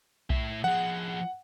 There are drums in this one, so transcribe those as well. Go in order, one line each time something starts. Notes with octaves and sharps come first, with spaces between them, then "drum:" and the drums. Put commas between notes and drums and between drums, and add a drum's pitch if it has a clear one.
A2 E5, drum: kick B1
F3 G#4 F#5